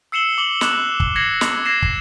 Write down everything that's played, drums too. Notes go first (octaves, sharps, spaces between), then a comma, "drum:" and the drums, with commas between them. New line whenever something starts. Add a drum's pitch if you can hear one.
E6 C7 C#7 E7 F#7 G7
D6 F#7 G7
D6 F#6 E7, drum: snare
drum: kick
G#6 A#6 C7 C#7 F#7
drum: snare
G#6 A#6 C7 E7
drum: kick